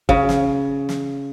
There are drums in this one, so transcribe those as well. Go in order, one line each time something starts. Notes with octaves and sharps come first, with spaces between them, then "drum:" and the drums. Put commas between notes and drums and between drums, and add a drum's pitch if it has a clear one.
C#3, drum: kick
drum: snare
drum: snare